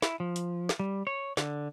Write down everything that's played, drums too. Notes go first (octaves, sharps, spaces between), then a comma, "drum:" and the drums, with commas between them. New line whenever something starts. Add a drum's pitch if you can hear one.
E4, drum: snare
F3
drum: hi-hat
drum: snare
G3
C#5
D3, drum: snare